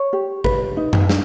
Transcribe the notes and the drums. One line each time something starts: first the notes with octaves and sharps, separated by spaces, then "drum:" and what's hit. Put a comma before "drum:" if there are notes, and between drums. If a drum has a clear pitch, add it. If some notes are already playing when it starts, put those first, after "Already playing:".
Already playing: C#5
G4
B4, drum: kick
D#4
drum: tom F#2
D4, drum: snare